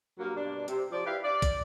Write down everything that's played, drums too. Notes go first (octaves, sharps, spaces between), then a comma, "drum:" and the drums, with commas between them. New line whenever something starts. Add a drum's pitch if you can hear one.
G2 F#3 A#3
G2 B2 D4
C3, drum: hi-hat
F3 D5
E4 G4 B4 F5
D5
drum: kick, hi-hat